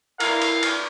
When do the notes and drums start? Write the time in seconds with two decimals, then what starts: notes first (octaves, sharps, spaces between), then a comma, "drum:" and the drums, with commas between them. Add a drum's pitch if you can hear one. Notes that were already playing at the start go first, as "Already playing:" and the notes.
0.20 E4 A#4 F5, drum: cymbal
0.42 drum: cymbal
0.63 drum: cymbal